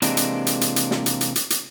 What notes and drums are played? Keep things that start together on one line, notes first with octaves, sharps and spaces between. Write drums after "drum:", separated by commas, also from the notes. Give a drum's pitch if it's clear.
C3 E3 G#3 A#3 C4 D4, drum: hi-hat
drum: hi-hat
drum: hi-hat
drum: hi-hat
drum: hi-hat
drum: snare
drum: hi-hat
drum: hi-hat
drum: hi-hat
drum: hi-hat